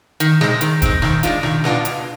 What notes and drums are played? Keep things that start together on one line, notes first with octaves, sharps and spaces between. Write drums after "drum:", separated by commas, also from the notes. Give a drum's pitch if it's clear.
D#3, drum: hi-hat
G#3 C4, drum: snare
D#3, drum: hi-hat
G#3 C4, drum: kick, hi-hat
D#3, drum: snare
G#3 B3 D4 F4, drum: hi-hat
D#3, drum: snare
G#3 B3 D4 F4, drum: snare
B2, drum: hi-hat